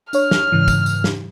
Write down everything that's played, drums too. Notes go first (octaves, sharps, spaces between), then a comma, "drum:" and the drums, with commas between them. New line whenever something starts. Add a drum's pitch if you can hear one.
D4 C#5 F6, drum: tambourine
drum: snare
G#2 C#3 E3
drum: kick, tambourine
drum: tambourine
drum: snare